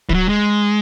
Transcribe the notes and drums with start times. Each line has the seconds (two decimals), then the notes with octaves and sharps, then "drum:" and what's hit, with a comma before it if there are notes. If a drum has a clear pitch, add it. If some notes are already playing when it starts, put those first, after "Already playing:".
0.09 E3, drum: kick
0.14 F#3
0.29 G#3